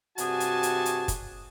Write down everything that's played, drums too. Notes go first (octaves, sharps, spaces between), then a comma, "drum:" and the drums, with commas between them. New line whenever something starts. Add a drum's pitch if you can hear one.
G2 C3 F#4 G#4 G#5 A5, drum: hi-hat
drum: hi-hat
drum: hi-hat
drum: hi-hat
drum: kick, hi-hat